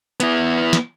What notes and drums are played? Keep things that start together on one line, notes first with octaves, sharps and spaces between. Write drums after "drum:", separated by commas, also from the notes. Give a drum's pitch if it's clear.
B3 E4, drum: hi-hat
drum: snare